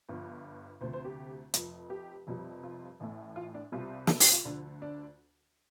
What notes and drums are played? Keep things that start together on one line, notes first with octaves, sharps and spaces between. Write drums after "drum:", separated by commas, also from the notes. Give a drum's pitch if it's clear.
G1 G2 F3
D2 C3 F3 A3 C5
C5
G4
F1 F2 F3, drum: hi-hat
G4
F1 F2 C3 G3
F4
A1 A2 A3
F4
D4
C2 C3 G3 F4
A4, drum: snare
G4, drum: open hi-hat
F4
D2 D3 F3 D4
D4